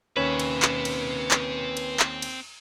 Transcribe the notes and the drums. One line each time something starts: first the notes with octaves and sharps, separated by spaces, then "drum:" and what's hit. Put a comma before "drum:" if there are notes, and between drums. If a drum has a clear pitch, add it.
D#2 C4 C#4 B4 C#5 E5
drum: cymbal
drum: clap
drum: cymbal
drum: clap
drum: cymbal
drum: clap
drum: cymbal